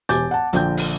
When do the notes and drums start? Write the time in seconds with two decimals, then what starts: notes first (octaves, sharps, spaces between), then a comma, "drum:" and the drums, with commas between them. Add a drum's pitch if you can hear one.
0.09 E1 G4 G#5 D6 G6 A6, drum: hi-hat
0.31 F#5 A5
0.53 A#1 D3 G5 G6, drum: hi-hat
0.77 drum: open hi-hat